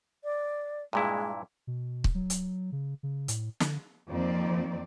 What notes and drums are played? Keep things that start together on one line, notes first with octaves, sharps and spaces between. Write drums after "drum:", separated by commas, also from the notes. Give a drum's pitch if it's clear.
D5
G2 A#2 G#3 E4
B2
drum: kick C#1
F#3
drum: hi-hat
C#3
C#3
A2, drum: hi-hat
D3, drum: snare
F2 D#3 A#3 C4 D5